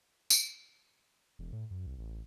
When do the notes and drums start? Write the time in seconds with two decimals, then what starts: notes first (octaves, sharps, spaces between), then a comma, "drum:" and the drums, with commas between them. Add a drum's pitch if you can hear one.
0.30 drum: tambourine
1.39 E1
1.53 A2
1.71 F#2
1.86 C2
1.98 A1